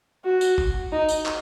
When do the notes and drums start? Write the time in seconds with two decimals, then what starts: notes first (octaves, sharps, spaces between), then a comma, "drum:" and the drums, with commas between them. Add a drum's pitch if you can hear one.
0.25 F#4
0.41 drum: tambourine
0.58 drum: kick G1
0.92 D#4
1.09 drum: tambourine
1.26 drum: clap